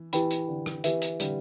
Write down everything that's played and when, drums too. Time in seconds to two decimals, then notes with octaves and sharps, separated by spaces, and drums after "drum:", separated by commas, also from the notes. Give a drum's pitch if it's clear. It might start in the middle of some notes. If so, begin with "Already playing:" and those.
Already playing: E3
0.13 E3 E4 G4 B4 G5 B5, drum: hi-hat
0.31 drum: hi-hat
0.48 D3
0.66 drum: rim click
0.84 E3 G4 B4 E5, drum: hi-hat
1.02 drum: hi-hat
1.20 D3 G3, drum: hi-hat